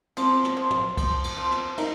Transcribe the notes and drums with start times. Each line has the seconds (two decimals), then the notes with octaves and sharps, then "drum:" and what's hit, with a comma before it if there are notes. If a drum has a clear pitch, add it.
0.17 F3 C4, drum: cymbal
0.44 drum: rim click
0.57 F3
0.70 drum: tom
0.97 F3, drum: kick, cymbal
1.24 drum: cymbal
1.37 F3
1.51 drum: rim click
1.78 D#4 A#4, drum: cymbal